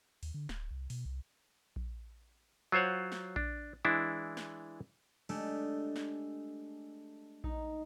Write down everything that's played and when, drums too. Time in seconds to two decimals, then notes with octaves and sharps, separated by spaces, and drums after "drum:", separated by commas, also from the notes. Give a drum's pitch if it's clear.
0.23 D#2, drum: open hi-hat
0.34 D3
0.49 D1, drum: snare
0.71 C2
0.90 B2, drum: open hi-hat
1.06 C2
1.76 drum: kick A#1
2.72 F#3 F4 C5 C#5 F#5
3.12 drum: snare
3.36 D4, drum: kick A#1
3.85 E3 G#3 D4 E4
4.37 drum: snare
5.29 G#3 A3 D4 G4 A4, drum: cymbal
5.96 drum: snare
7.44 D#4, drum: kick A#1